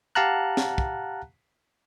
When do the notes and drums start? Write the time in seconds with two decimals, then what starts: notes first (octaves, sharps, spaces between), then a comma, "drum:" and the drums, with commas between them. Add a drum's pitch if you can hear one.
0.15 G4 F5 F#5 A5 A#5 F#6
0.57 drum: snare
0.78 drum: kick